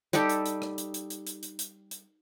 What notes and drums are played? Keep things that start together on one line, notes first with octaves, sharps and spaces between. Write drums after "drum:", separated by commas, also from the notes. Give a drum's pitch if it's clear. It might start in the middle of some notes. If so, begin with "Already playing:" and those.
G3 D#4 G4 A4, drum: hi-hat
drum: hi-hat
drum: hi-hat
drum: rim click
drum: hi-hat
drum: hi-hat
drum: hi-hat
drum: hi-hat
drum: hi-hat
drum: hi-hat
drum: hi-hat